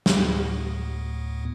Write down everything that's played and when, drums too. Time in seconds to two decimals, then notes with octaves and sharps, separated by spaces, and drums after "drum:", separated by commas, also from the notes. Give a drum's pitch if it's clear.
0.06 D2 A2 B3, drum: snare